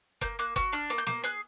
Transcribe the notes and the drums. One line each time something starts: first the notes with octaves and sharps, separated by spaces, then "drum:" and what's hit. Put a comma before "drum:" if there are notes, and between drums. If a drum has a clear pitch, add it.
A#3 G6, drum: kick F#1, hi-hat
A#3 F#6
F#4 F6, drum: kick F#1, hi-hat
D4 F6
A#3, drum: hi-hat
G6
A#3, drum: snare
G#4 F#6, drum: hi-hat